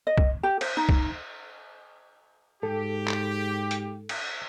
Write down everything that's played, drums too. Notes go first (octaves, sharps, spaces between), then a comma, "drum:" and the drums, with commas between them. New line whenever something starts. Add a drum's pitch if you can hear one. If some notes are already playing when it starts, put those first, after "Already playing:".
D#5
drum: kick
G4
C5, drum: cymbal
D#4
drum: kick
G#2 G4 A4
drum: clap
drum: hi-hat
drum: cymbal